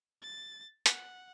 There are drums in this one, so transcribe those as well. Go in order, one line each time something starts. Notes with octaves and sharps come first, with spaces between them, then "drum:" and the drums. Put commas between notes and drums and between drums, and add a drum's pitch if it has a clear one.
A6
F#5, drum: hi-hat